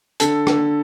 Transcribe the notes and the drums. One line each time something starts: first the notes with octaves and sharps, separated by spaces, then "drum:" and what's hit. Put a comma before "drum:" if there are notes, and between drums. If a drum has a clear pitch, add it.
D3 A4, drum: hi-hat
D3, drum: rim click